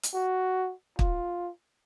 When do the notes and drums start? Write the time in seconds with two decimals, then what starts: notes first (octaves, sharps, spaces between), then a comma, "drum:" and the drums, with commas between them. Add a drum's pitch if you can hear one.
0.03 drum: hi-hat
0.14 F#4
0.99 F4, drum: kick